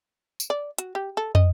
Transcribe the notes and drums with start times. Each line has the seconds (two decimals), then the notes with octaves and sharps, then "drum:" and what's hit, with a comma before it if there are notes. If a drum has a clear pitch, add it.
0.40 drum: tambourine
0.50 D5
0.78 F#4, drum: hi-hat
0.95 G4
1.17 A4
1.35 D#5, drum: tom